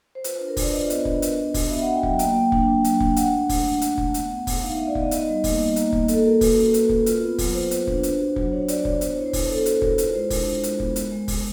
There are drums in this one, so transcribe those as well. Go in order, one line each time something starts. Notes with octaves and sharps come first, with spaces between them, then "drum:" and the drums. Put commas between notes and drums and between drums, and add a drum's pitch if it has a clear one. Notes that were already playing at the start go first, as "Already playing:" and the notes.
C5
F4 B4, drum: hi-hat
D4 B4
A#4
D4 D5, drum: kick, open hi-hat
F4 D#5
B3, drum: hi-hat
D4, drum: kick
B3, drum: hi-hat
B3
F#4, drum: kick, open hi-hat
B3 E5
F#4 F#5
G5
F#3, drum: kick
A#3 G5, drum: hi-hat
A#3
D4, drum: kick
D4
F#3, drum: hi-hat
D4, drum: kick
D4 F#5, drum: hi-hat
A3
D4, drum: kick, open hi-hat
D4
D4, drum: hi-hat
A3, drum: kick
B3, drum: hi-hat
B3
B3, drum: kick, open hi-hat
D#4 F5
B3 E5
D5
B3 D#5, drum: kick
D#4 D#5, drum: hi-hat
G3
A#3, drum: kick, open hi-hat
G3
A#3, drum: hi-hat
A#3, drum: kick
A#3 A4, drum: hi-hat
F#4 A#4
F#4 B4, drum: kick, open hi-hat
C#4
C#4, drum: hi-hat
C#4, drum: kick
F4, drum: hi-hat
B3
F#3, drum: kick, open hi-hat
B3 C5
B3, drum: hi-hat
D4, drum: kick
D4, drum: hi-hat
F#4
F#3, drum: kick
D4 C#5
F#4 D5, drum: hi-hat
D4 C#5, drum: kick
B3 C5, drum: hi-hat
E4 C#5
C5
E4 B4, drum: kick, open hi-hat
B3 A4
E4 F#4, drum: hi-hat
E4 A#4, drum: kick
F4 C5, drum: hi-hat
G#3 C5
D4 A#4, drum: kick, open hi-hat
D4
G#3, drum: hi-hat
B3, drum: kick
G#3, drum: hi-hat
G#3
G#3, drum: kick, open hi-hat